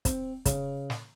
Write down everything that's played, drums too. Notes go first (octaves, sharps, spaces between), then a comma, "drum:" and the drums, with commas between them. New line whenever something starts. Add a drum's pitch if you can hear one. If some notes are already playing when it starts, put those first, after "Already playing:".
C4, drum: kick, hi-hat
C#3, drum: kick, hi-hat
drum: snare